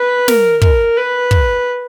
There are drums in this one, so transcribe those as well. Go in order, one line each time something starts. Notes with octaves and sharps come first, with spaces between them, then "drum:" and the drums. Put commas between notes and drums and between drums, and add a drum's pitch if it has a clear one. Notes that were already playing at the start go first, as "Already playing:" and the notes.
Already playing: B4
A#4, drum: snare
A#4, drum: kick
B4
drum: kick